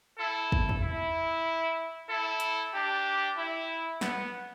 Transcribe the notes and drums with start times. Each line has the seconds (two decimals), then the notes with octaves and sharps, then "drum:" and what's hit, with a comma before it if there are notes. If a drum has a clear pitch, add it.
0.17 E4 A4
0.52 drum: kick
0.69 drum: tom E2
0.82 E4
2.09 E4 A4
2.40 drum: hi-hat
2.73 D4 G4
3.37 E4
4.01 B3, drum: snare